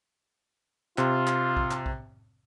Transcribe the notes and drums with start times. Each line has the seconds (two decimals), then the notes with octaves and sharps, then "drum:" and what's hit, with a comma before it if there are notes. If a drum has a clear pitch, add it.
0.98 C3 F4, drum: clap
1.27 drum: clap
1.57 drum: kick
1.71 drum: clap
1.86 drum: kick